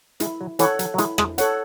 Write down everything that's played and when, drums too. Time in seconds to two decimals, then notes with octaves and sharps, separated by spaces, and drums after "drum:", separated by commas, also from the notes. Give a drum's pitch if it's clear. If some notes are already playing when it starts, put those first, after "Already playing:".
0.20 G#3 E4, drum: hi-hat
0.41 F#3
0.59 E3 A4 C#5 F#5, drum: hi-hat
0.79 F#3, drum: hi-hat
0.94 F#3
0.98 G#3 E4, drum: hi-hat
1.18 G#3, drum: rim click
1.38 A4 C#5 F#5, drum: hi-hat